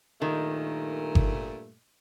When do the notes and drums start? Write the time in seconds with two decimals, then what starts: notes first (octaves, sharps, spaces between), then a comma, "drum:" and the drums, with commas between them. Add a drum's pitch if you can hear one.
0.22 G2 A#2 D#3 A3
1.15 drum: kick G1